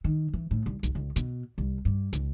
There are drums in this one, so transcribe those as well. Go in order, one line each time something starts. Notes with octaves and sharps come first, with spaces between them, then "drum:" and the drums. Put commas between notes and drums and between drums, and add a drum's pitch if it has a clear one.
D#3
E3
A2
C2
B1, drum: hi-hat
C#2
B2, drum: hi-hat
C2
G2
C#2, drum: hi-hat